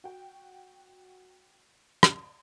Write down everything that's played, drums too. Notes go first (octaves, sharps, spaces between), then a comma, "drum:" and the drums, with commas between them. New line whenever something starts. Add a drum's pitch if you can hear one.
F#4 G5
drum: rim click